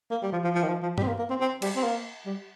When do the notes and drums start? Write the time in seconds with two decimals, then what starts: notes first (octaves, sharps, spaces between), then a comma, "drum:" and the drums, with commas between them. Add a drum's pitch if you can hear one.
0.11 A#3
0.22 G3
0.32 F3
0.44 F3
0.55 F3
0.63 D#3
0.68 F3
0.82 F3
0.98 G3, drum: tom G2
1.03 C4
1.08 A#3
1.18 A#3
1.30 C4
1.40 C4
1.62 G3, drum: cymbal
1.76 C4
1.83 A#3
2.26 G3